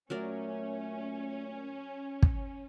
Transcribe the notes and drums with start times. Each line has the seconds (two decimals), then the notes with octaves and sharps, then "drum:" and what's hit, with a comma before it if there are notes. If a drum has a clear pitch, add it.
0.10 A#2 F#3 A3 C#4 A#4 D5
2.23 drum: kick